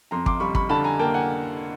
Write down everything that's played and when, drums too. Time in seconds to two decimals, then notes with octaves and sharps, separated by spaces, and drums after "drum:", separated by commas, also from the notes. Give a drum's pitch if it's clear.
0.11 F2 A#5 C6
0.26 C6 D6, drum: kick
0.40 G3 B5 C#6
0.55 B5 C#6, drum: kick
0.69 D3 A5 B5
0.84 G#5 A#5
0.99 A#3 G5 A5
1.14 F#5 G#5